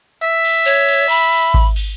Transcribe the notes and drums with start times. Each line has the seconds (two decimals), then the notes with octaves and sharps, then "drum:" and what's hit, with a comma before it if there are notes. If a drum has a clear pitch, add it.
0.23 E5
0.45 drum: cymbal
0.66 C#5, drum: cymbal
0.88 drum: cymbal
1.09 B5, drum: cymbal
1.32 drum: cymbal
1.54 drum: kick G#1
1.76 drum: cymbal